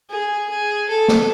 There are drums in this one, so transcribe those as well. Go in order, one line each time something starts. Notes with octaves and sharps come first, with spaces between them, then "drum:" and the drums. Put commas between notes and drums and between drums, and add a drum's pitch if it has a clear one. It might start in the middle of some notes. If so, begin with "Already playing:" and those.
G#4
G#4
A4
drum: snare